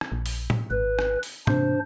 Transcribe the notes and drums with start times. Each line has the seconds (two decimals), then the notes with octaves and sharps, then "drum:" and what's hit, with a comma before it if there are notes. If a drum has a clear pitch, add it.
0.01 drum: rim click
0.12 A#1
0.26 drum: open hi-hat
0.50 drum: tom A2
0.71 G#1 B4
0.99 drum: rim click
1.23 drum: open hi-hat
1.47 C3 D4 C5, drum: tom